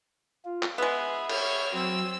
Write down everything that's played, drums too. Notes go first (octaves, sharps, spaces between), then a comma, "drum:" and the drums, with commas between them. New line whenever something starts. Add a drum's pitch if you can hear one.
F4
drum: clap
G#3 B3 G#4 E5
C#5 F6, drum: cymbal
F#3 C4 E6